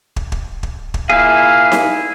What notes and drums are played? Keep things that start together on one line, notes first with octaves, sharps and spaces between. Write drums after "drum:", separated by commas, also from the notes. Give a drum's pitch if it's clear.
drum: kick
drum: kick
drum: kick
drum: kick
A#2 E4 G#4 F5
drum: snare D#4